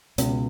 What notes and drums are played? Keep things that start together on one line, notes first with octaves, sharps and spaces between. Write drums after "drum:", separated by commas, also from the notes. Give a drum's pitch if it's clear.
C#2 B2, drum: hi-hat